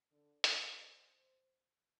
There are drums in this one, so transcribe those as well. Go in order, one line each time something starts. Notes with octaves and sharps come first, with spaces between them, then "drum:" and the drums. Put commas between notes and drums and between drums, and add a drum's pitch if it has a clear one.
D3
C5, drum: hi-hat